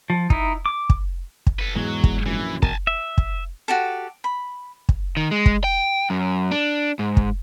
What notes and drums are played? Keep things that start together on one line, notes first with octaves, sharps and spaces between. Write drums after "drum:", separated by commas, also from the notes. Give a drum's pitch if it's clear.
F3
D#4 E4, drum: kick
D6
drum: kick
drum: kick
A4 B4
E2 G#2 F#3 G#3
drum: kick
A#1 F#2 E3
E2 B2 A#4 G#5 A5, drum: kick
E5
drum: kick
F#4 G4 A4
B5
drum: kick
D#3
G#3
drum: kick
G5
F#2
D4
G#2
drum: kick